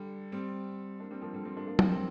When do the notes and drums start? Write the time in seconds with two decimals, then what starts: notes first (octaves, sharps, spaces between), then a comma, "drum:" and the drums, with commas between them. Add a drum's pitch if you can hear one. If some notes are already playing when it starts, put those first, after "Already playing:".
Already playing: D3 G3
0.32 G3 C4
1.00 A#3 D4
1.11 G3 C4
1.22 F3 A#3
1.33 D3 G3
1.45 G3 C4
1.56 A#3 D4
1.67 A#3 D4
1.79 G3 C4, drum: tom F#3
1.90 G3 C4